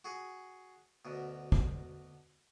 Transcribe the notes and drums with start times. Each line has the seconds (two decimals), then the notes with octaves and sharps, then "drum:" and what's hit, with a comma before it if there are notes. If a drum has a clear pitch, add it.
0.05 F#4 G#4
1.05 D2 B2
1.52 drum: kick